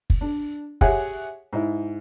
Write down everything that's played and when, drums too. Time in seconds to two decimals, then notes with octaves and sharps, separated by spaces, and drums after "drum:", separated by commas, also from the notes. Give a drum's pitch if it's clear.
0.10 drum: kick
0.21 D4
0.81 G4 G#4 C#5 E5 F#5 G#5, drum: kick
1.53 G#2 E4